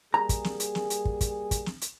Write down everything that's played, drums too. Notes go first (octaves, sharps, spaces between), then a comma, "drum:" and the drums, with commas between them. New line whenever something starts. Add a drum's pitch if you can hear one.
G3 A#3 G#4 A#5
drum: kick, hi-hat
drum: snare
drum: hi-hat
drum: snare
drum: hi-hat
drum: kick
drum: kick, hi-hat
drum: kick, hi-hat
drum: snare
drum: hi-hat